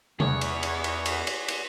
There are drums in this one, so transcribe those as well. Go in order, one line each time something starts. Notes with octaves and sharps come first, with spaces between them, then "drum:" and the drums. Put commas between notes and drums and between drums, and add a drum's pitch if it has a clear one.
E2 G#4 C#5 D5 F#5, drum: tom C3
drum: cymbal
drum: cymbal
drum: cymbal
drum: cymbal
drum: cymbal
drum: cymbal